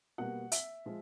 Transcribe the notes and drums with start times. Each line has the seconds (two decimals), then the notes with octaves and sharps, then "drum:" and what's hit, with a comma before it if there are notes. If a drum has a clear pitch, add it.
0.18 B2 G3 A#3 F#5
0.52 E5, drum: hi-hat
0.85 F3 G#3